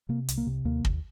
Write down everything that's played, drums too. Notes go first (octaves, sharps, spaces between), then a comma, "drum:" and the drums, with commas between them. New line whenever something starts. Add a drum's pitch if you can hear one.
C3 A#3
C2, drum: hi-hat
A#3
C3
D#2 A#3
D#2, drum: kick